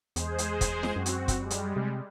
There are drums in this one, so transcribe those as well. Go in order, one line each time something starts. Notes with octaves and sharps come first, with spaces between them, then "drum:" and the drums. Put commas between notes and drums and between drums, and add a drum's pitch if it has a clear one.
E2 G#3 G#4 C5, drum: hi-hat
drum: hi-hat
drum: kick, hi-hat
drum: snare
F#2 C4 F#4
drum: hi-hat
drum: kick, hi-hat
G3 G#3
drum: hi-hat
C3